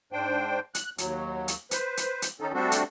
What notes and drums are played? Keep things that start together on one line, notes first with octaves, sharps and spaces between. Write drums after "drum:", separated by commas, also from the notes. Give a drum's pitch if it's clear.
G#2 D4 C5 G5
F#6, drum: hi-hat
D#2 F#3, drum: hi-hat
drum: hi-hat
B4 C5, drum: hi-hat
drum: hi-hat
drum: hi-hat
D#3 C#4 D#4 A4
G3 A3 C4 D4 F#4 A4
drum: hi-hat